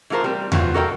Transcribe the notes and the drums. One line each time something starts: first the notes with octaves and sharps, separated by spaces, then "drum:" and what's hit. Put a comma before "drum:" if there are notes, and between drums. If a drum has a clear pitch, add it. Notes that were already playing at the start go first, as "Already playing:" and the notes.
E3 A3 F4 A#4 C5
G3 C4
E3 F#3 B3 C4 F4, drum: tom E2
F#4 A4 A#4 D5 D#5 G5